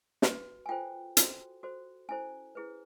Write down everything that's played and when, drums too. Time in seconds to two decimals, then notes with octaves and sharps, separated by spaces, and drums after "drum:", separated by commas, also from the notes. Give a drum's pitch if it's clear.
0.22 F#4 B4, drum: snare
0.66 G#5
0.69 F4 A4 C5 G5
1.17 F#4 A4 C5, drum: hi-hat
1.63 F#4 A4 C5
2.09 C#4 E4 A4 C5 G#5
2.55 E4 G#4 B4